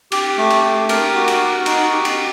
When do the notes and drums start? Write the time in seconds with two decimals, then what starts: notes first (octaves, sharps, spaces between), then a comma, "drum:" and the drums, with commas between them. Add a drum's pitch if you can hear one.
0.12 G4, drum: cymbal
0.38 A3
0.50 drum: cymbal
0.64 G4
0.89 A#4, drum: cymbal
1.15 F#4
1.28 drum: cymbal
1.41 F#4
1.66 D#4, drum: cymbal
1.93 G4
2.05 drum: cymbal